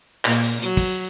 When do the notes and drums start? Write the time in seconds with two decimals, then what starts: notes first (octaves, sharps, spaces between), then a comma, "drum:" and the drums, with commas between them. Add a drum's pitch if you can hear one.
0.25 A#2, drum: clap
0.42 drum: open hi-hat
0.62 F#3, drum: hi-hat
0.77 drum: kick, open hi-hat